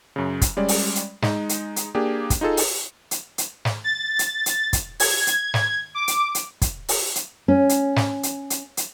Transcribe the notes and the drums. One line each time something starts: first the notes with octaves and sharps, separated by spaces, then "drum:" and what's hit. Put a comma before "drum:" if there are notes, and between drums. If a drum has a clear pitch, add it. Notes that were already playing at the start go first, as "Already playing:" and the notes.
F#2 C#3
drum: kick, hi-hat
G3 G#3 C#4 D5
drum: open hi-hat
drum: hi-hat
G#3 D#4, drum: snare
drum: hi-hat
drum: hi-hat
A#3 D4 G4 G#4
drum: kick, hi-hat
D#4 F4 G#4 A4
drum: open hi-hat
drum: hi-hat
drum: hi-hat
drum: snare
A6
drum: hi-hat
drum: hi-hat
drum: kick, hi-hat
G#6, drum: open hi-hat
drum: hi-hat
drum: snare
D6
drum: hi-hat
drum: hi-hat
drum: kick, hi-hat
drum: open hi-hat
drum: hi-hat
C#4
drum: hi-hat
drum: snare
drum: hi-hat
drum: hi-hat
drum: hi-hat